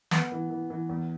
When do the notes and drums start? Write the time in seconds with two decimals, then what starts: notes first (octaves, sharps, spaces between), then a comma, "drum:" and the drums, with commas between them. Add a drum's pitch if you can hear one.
0.11 B3, drum: snare
0.32 E3
0.50 E3
0.70 E3
0.89 E2